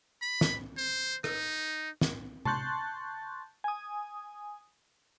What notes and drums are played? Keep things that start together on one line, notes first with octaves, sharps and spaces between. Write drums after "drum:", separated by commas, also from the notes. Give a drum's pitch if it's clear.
B5
drum: snare
C5
D#4, drum: rim click
drum: snare
A5 C6 C#6 F#6 G6 A6, drum: tom C3
G#5 D#6